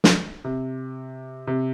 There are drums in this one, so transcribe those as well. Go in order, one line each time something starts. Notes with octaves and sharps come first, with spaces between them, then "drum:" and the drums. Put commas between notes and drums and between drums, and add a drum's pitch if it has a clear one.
drum: snare
C3
C3